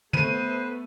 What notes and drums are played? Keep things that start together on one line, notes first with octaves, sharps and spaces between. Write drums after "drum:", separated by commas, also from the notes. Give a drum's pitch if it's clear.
A3 B3 B4 C5 D#7, drum: tom